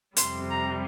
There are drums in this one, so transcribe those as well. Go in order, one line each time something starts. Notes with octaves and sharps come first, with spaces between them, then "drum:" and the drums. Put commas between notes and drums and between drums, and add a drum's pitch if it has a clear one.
F2 C3 G3 C6, drum: hi-hat
A#5